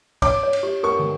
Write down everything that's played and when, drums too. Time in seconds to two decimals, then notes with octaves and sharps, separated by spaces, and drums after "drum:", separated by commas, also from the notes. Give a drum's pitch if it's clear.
0.22 C#5 D6, drum: kick, cymbal
0.43 C#5
0.53 drum: cymbal
0.63 G4
0.83 A#4 C#6
0.99 drum: tom